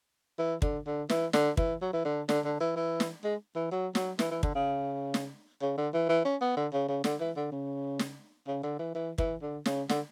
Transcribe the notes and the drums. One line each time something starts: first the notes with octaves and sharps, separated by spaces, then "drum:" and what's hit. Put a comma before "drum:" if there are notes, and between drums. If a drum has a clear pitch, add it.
E3
D3, drum: kick
D3
E3, drum: snare
D3, drum: snare
E3, drum: kick
F#3
E3
D3
D3, drum: snare
D3
E3
E3
drum: snare
G#3
E3
F#3
F#3, drum: snare
E3, drum: snare
E3
D3, drum: kick
C#3
drum: snare
C#3
D3
E3
E3
C#4
B3
D3
C#3
C#3
D3, drum: snare
E3
D3
C#3
drum: snare
C#3
D3
E3
E3
E3, drum: kick
D3
C#3, drum: snare
D3, drum: snare